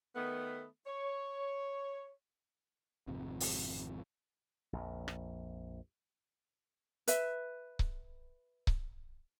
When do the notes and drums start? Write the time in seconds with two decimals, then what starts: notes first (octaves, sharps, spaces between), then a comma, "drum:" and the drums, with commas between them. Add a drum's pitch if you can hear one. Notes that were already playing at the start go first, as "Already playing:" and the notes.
0.16 D#3 A3 B3
0.87 C#5
3.07 G#1 F2 C3 F3
3.40 drum: open hi-hat
4.73 A#1 F2
5.08 drum: rim click
7.08 B4 E5, drum: hi-hat
7.79 drum: kick C#1
8.67 drum: kick C#1